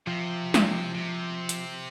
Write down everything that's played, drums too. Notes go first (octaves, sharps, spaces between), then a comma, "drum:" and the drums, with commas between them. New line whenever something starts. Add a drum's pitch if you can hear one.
C3 F3
drum: snare
C3
drum: hi-hat